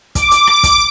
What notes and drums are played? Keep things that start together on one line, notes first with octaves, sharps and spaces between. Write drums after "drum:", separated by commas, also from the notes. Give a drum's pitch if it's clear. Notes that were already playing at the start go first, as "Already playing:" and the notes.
D6, drum: kick, hi-hat
drum: hi-hat
drum: rim click
drum: kick, hi-hat